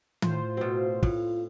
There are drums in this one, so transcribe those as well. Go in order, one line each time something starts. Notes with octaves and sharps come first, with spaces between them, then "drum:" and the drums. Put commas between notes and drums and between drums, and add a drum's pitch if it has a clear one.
A2 F4 C5, drum: tom D#3
B2 C4 F#4
A2 F4, drum: kick